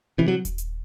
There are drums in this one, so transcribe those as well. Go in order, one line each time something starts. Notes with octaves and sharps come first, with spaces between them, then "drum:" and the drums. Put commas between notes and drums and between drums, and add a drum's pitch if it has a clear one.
C3 E3
F#3
drum: kick D#1, hi-hat
drum: hi-hat